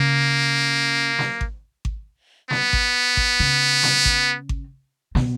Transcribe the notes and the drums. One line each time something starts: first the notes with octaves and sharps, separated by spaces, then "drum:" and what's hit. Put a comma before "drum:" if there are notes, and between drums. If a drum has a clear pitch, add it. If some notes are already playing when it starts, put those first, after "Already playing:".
Already playing: C#3 A#3
drum: snare
drum: kick G#1
drum: kick G#1
B3, drum: snare
drum: kick G#1
drum: kick G#1
C#3
drum: snare
drum: kick G#1
drum: kick G#1
B2, drum: snare